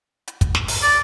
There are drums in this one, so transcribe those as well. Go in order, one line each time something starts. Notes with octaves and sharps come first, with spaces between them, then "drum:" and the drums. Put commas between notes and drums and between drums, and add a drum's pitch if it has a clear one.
drum: hi-hat
drum: kick, hi-hat
drum: snare
drum: open hi-hat
D5